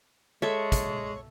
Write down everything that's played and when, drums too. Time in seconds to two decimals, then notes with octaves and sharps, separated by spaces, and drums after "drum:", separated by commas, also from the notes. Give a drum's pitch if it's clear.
0.42 G#3 A4 C#5 E5
0.72 drum: kick, hi-hat